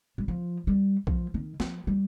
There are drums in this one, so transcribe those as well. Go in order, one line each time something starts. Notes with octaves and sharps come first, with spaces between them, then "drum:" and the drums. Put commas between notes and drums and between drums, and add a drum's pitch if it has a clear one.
G3
F3
G3
F3, drum: kick B1
D#3
F3, drum: snare
G3